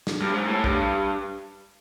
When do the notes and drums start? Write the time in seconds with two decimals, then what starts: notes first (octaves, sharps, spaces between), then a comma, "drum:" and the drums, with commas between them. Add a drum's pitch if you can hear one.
0.07 drum: snare
0.21 G2, drum: tom
0.34 G#2
0.46 A2
0.64 G2, drum: kick